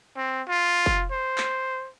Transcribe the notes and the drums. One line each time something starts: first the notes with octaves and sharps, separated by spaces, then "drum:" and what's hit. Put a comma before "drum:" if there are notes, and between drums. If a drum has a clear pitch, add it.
C4
F4
drum: kick F1
C5
drum: clap